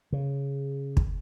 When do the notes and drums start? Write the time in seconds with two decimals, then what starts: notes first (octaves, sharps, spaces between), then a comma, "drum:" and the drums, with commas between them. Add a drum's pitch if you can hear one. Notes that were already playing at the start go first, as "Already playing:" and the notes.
0.13 C#3
0.97 drum: kick